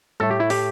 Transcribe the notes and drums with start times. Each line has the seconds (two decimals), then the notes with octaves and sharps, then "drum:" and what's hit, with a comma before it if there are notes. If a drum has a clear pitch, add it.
0.20 A2 A3 A4, drum: tom G3
0.31 G4
0.40 E4
0.50 G4, drum: open hi-hat